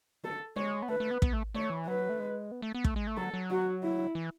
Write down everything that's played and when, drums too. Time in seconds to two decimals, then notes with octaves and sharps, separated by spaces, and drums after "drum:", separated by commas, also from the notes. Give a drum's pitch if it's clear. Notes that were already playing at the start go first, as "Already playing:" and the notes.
0.24 A4
0.56 G#3 C#5
0.82 B3
0.89 A3 B4
1.00 A3
1.11 B3
1.22 B3, drum: kick
1.33 A3
1.55 A3 C#5
1.70 E3
1.87 F#3 B4
2.09 A3
2.20 G#3
2.52 B3
2.62 A3
2.75 B3
2.84 A3, drum: kick
2.96 G#3
3.07 A3
3.17 F#3 A4
3.34 F#3
3.50 F#4
3.83 E4
4.15 E3